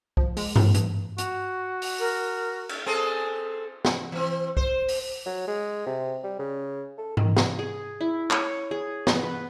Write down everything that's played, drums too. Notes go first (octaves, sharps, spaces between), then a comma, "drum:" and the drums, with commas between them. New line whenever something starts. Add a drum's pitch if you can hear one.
F3, drum: kick
G#3, drum: open hi-hat
A2, drum: tom G2
G2, drum: hi-hat
F#4, drum: hi-hat
drum: open hi-hat
A#4
drum: cymbal
C4 G#4 A4
drum: snare
E3 C4
C5, drum: kick
drum: open hi-hat
F#3
G#3
C3
G3
C#3
A4
D#3, drum: tom G#2
drum: snare
G#4
E4
C#5, drum: clap
G#4
B3, drum: snare
B4